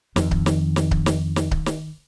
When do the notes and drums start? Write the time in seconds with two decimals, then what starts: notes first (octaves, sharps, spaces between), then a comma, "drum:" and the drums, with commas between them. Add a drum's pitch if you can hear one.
0.16 F2 D#3, drum: snare
0.31 drum: kick C#1
0.46 drum: snare
0.76 drum: snare
0.91 drum: kick C#1
1.06 drum: snare
1.36 drum: snare
1.51 drum: kick C#1
1.66 drum: snare